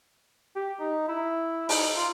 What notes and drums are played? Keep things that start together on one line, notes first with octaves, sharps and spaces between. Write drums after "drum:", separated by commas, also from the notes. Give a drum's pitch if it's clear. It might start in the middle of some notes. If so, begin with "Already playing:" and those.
G4
D#4
E4
D#4, drum: open hi-hat
F4